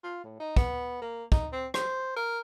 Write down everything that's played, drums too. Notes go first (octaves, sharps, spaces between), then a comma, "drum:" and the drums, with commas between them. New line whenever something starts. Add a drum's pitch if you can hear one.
F4
A2
D#4
B3, drum: kick
A#3
D#4, drum: kick
C4
C5, drum: rim click
A#4